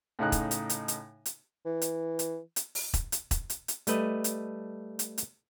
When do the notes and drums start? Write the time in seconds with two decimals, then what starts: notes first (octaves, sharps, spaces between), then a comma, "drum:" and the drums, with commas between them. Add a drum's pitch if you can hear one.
0.19 A2 C#3 D#4 F#6
0.32 drum: kick E1, hi-hat
0.51 drum: hi-hat
0.70 drum: hi-hat
0.88 drum: hi-hat
1.26 drum: hi-hat
1.66 E3
1.82 drum: hi-hat
2.19 drum: hi-hat
2.56 drum: hi-hat
2.75 drum: open hi-hat
2.94 drum: kick E1, hi-hat
3.12 drum: hi-hat
3.31 drum: kick E1, hi-hat
3.50 drum: hi-hat
3.68 drum: hi-hat
3.87 G3 A3 B4 D#5, drum: hi-hat
4.24 drum: hi-hat
4.99 drum: hi-hat
5.18 drum: hi-hat